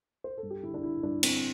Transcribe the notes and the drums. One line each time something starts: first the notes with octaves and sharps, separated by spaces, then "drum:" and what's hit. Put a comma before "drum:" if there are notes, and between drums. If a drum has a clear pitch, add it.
C5
A4
G2
G4
D3 E4
D4
D3 E4
G2 D4
D3 C4, drum: cymbal